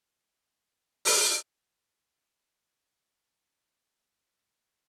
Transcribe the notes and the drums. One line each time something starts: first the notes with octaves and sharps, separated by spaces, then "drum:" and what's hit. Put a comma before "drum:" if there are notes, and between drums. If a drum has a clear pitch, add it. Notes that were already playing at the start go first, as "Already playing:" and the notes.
A#2 D5
drum: open hi-hat
G2 E3 D#4
D5 D#5 C6
D#4 E4 G6 G#6